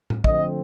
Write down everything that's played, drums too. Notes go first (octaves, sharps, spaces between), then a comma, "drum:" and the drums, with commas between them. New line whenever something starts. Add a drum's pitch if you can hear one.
drum: tom A2
D3 F3 A3 C4 D#5, drum: kick